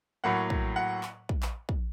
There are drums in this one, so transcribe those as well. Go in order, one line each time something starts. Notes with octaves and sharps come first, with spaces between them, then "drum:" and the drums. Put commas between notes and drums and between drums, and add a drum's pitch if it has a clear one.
A2 F#3 A#3 F#5
drum: kick
F#5
drum: clap
drum: kick
drum: clap
drum: kick